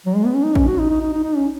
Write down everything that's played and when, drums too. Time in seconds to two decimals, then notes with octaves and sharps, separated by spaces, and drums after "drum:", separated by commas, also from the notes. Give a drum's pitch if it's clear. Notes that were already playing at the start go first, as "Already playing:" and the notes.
0.06 F#3
0.16 G#3
0.25 B3
0.35 C#4
0.44 D#4
0.55 C#4, drum: kick A1
0.67 F#4
0.79 D#4
0.90 D#4
1.01 D#4
1.12 D#4
1.24 D#4
1.36 C#4